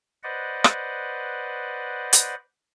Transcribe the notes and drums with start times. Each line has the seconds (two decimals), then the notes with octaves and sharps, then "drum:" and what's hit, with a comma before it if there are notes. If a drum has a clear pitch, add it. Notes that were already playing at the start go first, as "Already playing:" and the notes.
0.23 B4 C5 D5 D#5 F#5
0.64 drum: rim click
2.13 drum: hi-hat